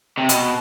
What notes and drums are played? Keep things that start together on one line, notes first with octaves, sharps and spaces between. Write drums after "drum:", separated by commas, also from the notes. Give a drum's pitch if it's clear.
C3
B2, drum: hi-hat